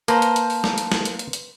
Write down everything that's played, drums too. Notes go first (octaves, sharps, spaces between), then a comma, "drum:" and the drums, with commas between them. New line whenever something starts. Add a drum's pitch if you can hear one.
A#3 B4 C5 A5 A#5, drum: hi-hat
drum: hi-hat
drum: hi-hat
drum: open hi-hat
drum: snare
drum: hi-hat
drum: snare
drum: hi-hat
drum: hi-hat
drum: hi-hat